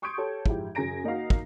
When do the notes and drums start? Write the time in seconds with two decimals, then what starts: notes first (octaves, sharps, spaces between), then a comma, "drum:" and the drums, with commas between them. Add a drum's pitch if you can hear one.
0.02 C6 C#6 D#6 G6 G#6 D7
0.18 G4 A4 C#5
0.46 G#2 F3 E4 G4, drum: kick
0.75 F#2 C#3 G#4 G#5 A#6 D7
1.04 A#3 D#4 F#4 F5
1.30 drum: kick